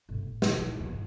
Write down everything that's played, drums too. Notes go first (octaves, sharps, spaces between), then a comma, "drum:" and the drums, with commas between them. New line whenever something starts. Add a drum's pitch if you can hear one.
G1 C3
A2
E2 C3, drum: snare
A#1 D3
E2 B3
G2 B3